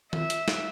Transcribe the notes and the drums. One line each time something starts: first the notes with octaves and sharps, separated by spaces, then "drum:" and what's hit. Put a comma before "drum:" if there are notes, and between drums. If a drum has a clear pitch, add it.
E5, drum: tom D#3
drum: hi-hat
drum: snare